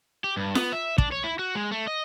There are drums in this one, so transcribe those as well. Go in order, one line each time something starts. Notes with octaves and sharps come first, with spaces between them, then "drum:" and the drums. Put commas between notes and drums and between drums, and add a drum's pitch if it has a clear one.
G4
G2
B3, drum: snare
E5
D4, drum: kick
C#5
E4
F#4
G#3
A3
D#5